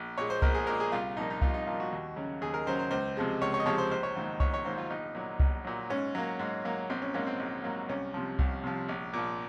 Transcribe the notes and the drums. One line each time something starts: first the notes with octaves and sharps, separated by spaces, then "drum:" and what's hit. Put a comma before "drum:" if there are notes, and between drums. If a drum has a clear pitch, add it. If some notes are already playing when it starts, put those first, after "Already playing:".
Already playing: A#1
A#2 G#3 C#5
C5
A#1 A#4, drum: kick C2
G#4
A#2 G#3 A#4
G#4
C2 F4
A#2 F3 A#3 D#4
D#4
C2 F4, drum: kick C2
D#4
A#2 F3 A#3 F4
F#4
D#2
C#3 F#3
D#2 G#4
A#4
C#3 F#3 C5
C5
C#2 C5
C3 F3 G#3
C#2 C#5
C#5
D#5
C3 F3 G#3 C#5
C5
A#1 C5
C#5
G#2 D#3 F#3 A#3
A#1 C#5, drum: kick C2
C#5
G#2 D#3 F#3 A#3 C5
F4
A#1 D#4
A#2 F#3
A#1, drum: kick C2
A#2 F#3
G#2 C#4
F#3 A#3
G#2
F#3 A#3
A#1 C4
C#4
G#2 F#3 A#3 C#4
C4
A#1
G#2 F#3 A#3
C2 C#4
C3 F3
C2, drum: kick C2
C3 F3
A#1
A#2 F3